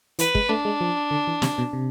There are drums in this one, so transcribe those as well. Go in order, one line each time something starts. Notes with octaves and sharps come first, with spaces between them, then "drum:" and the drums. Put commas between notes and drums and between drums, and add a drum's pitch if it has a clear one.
E3 B4, drum: hi-hat
G#3, drum: kick
A3 D4
G#3
F3
D3
E3
C3, drum: snare
B2
C3